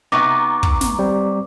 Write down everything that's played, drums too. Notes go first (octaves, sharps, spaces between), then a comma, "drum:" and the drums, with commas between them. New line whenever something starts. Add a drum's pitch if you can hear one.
C3 B3 D#4 C#6 D6
drum: kick
drum: snare
G3 C4